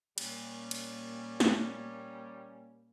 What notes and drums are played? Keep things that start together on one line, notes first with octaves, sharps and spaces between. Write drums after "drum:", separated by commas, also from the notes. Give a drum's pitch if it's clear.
A#2 G3 A#3 C#4, drum: cymbal
drum: cymbal
drum: snare